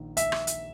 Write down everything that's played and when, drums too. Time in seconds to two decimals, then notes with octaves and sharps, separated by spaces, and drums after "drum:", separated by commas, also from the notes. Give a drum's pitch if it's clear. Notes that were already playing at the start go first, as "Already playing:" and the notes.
Already playing: A#1 D#3
0.17 E5, drum: hi-hat
0.32 drum: rim click
0.47 drum: hi-hat